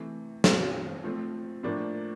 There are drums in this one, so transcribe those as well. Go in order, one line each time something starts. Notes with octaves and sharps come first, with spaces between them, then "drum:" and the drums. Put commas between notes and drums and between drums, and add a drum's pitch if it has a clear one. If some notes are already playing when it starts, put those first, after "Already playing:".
Already playing: C3 E3 A3
B2 G#3 C4 F4, drum: snare
F3 A3 C4
A2 F3 A#3 D4